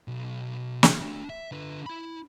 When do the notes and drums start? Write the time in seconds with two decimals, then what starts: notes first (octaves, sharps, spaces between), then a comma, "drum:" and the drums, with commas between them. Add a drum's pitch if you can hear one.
0.08 B1
0.83 drum: snare
1.01 A3 D4
1.30 E5
1.52 D3 B4
1.86 E4 B5